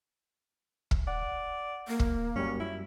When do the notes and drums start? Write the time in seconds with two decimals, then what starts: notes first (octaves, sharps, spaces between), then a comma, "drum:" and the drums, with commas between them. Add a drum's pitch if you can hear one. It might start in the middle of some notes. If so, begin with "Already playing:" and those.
0.91 drum: kick
1.08 D5 F#5
1.88 A#3
2.00 drum: kick
2.36 F#2 F#3 G3 C#4
2.60 E4